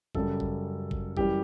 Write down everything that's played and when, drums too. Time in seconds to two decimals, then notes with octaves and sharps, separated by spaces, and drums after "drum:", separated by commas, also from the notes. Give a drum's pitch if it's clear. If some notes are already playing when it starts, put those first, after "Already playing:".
0.15 F#2 C#3 G3 A4, drum: kick G1
0.40 drum: kick G1
0.91 drum: kick G1
1.17 F#2 E3 G3 G4, drum: kick G1